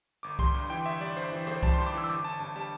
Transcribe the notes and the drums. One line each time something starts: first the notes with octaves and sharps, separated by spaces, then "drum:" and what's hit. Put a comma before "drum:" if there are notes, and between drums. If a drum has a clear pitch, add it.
G1 D6
G3 C6, drum: kick C2
G2
E3 G5
G1 E5
G3 D5
G2 C5
E3
G1 C5, drum: rim click
G3 A5, drum: kick C2
G2 C6
D6
E3 E6
E6
G1 D6
G1 A5
G2 A5
G3 A5